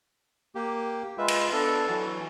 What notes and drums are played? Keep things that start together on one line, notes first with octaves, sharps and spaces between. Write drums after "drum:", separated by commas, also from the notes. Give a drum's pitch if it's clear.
A#3 G4
G#3 F4 B4 E5
drum: cymbal
B3 D4 A4
E3 F#3